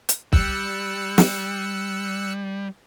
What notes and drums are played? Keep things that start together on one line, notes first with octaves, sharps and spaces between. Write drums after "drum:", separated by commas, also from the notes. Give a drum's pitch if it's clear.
drum: hi-hat
G3 E6 F#6 C#7, drum: kick
drum: snare